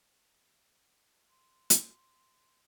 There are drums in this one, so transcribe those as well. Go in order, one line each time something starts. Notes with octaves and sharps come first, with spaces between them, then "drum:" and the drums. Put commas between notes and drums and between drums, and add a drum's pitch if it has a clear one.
C6
drum: hi-hat